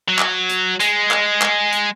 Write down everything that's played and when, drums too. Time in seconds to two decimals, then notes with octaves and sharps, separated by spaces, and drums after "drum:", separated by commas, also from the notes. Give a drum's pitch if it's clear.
0.08 F#3
0.19 drum: clap
0.49 drum: hi-hat
0.80 G#3, drum: hi-hat
1.11 drum: clap
1.42 drum: clap
1.72 drum: hi-hat